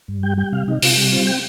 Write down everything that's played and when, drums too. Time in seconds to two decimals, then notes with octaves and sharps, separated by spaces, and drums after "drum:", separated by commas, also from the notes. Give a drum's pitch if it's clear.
0.08 G2
0.23 G3 G5
0.38 G3 G5
0.52 C3 F5
0.68 C3 D#4
0.82 C3 F4, drum: open hi-hat
0.97 G3
1.12 C4 F4
1.27 G5